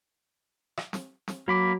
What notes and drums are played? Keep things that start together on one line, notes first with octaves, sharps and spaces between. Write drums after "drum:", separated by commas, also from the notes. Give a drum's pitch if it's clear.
drum: rim click
drum: snare
drum: snare
F#3 A#3 B5 D6